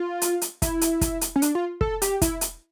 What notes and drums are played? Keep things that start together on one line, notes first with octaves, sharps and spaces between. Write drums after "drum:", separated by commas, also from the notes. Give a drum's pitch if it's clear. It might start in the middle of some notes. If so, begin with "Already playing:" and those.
Already playing: F4
drum: hi-hat
drum: hi-hat
E4, drum: kick, hi-hat
drum: hi-hat
drum: kick, hi-hat
drum: hi-hat
C#4
D4, drum: hi-hat
F4
A4, drum: kick
G4, drum: hi-hat
E4, drum: kick, hi-hat
drum: hi-hat